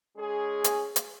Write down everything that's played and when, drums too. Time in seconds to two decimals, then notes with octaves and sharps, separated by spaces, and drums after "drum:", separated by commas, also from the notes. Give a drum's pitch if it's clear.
0.17 G#3 C#4 G#4
0.64 drum: hi-hat
0.96 drum: hi-hat